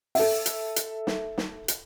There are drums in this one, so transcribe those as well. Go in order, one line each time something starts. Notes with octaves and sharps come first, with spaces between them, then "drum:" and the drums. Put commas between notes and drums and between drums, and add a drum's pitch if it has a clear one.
A4 E5, drum: open hi-hat
drum: hi-hat
drum: hi-hat
drum: snare
drum: snare
drum: hi-hat